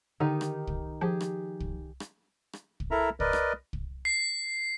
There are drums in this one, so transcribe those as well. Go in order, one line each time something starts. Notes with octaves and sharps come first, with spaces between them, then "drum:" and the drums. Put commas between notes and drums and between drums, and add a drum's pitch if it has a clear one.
D3 D#3 D#4 G4
drum: rim click
drum: kick
F3 G4 G#4
drum: rim click
drum: kick
drum: rim click
drum: rim click
drum: kick
E4 A4 A#4 E5 A#5
A#4 B4 D5 D#5, drum: kick
drum: rim click
drum: kick
C7